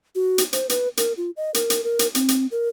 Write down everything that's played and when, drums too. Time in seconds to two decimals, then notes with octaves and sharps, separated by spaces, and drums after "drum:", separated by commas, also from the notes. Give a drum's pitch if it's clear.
0.15 F#4
0.38 drum: hi-hat
0.53 C5, drum: hi-hat
0.70 B4, drum: hi-hat
0.97 A#4, drum: hi-hat
1.17 F4
1.37 D#5
1.54 A#4, drum: hi-hat
1.70 drum: hi-hat
1.84 A#4
1.99 drum: hi-hat
2.15 C4, drum: hi-hat
2.28 drum: hi-hat
2.51 A#4